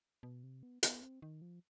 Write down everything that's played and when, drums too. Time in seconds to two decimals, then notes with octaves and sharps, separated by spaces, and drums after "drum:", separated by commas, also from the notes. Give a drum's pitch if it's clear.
0.23 B2
0.43 C3
0.63 B3
0.83 B3, drum: hi-hat
1.02 C4
1.22 D#3
1.42 F3